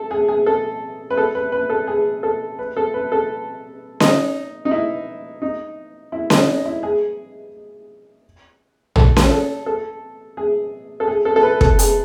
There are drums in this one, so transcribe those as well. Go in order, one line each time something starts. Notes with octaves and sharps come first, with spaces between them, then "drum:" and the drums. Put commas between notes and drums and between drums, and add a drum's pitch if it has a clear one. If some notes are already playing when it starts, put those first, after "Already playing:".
Already playing: A4
G#4
G#4
A4
B4
A4
B4
B4
A4
G#4
A4
B4
A4
B4
A4
D#4, drum: snare C#4
D#4
E4
D#4
E4
D#4, drum: snare C#4
D#4
E4
G#4
A4, drum: tom A#1
drum: snare C#4
A4
A4
G#4
A4
G#4
A4
A4
B4
A4, drum: kick
G#4, drum: hi-hat